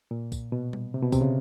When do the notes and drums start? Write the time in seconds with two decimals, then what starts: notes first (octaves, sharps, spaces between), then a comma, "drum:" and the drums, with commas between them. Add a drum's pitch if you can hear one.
0.11 A#2
0.32 drum: kick, tambourine
0.52 B2
0.73 drum: tom G3
0.94 C3
1.02 B2
1.12 C3, drum: kick, tambourine
1.21 C#3